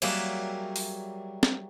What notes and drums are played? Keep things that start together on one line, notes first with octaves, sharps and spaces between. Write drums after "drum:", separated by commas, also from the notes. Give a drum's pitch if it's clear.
F#3 G3 A#3 G#4 E5, drum: cymbal
drum: open hi-hat
drum: snare